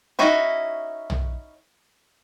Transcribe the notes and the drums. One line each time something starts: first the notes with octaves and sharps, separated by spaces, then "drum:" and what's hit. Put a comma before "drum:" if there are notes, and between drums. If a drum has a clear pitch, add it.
C#4 D#4 E4 F#4
drum: tom